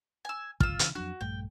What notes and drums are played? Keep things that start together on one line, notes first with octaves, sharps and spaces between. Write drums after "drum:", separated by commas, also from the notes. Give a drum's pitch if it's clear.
G#5 E6
G1 C#2 F4 E6, drum: kick
C#3 E3, drum: hi-hat
F2 F#3 D4 F#4
A#1 G2 A3 G5